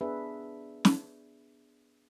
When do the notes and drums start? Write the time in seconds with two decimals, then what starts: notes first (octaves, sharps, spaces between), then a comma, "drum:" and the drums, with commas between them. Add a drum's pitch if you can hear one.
0.01 B3 D4 G#4 B4 E5
0.85 drum: snare